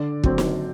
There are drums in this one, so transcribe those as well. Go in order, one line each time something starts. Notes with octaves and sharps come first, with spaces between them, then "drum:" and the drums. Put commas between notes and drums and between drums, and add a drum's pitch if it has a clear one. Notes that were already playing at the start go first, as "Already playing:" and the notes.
Already playing: D3 D5
F#3 C4, drum: kick
drum: snare